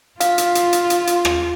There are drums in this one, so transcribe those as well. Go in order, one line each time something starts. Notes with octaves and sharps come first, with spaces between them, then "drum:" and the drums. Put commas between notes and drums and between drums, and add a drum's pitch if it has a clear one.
F4 F5, drum: hi-hat
drum: hi-hat
drum: hi-hat
drum: hi-hat
drum: hi-hat
drum: hi-hat
drum: rim click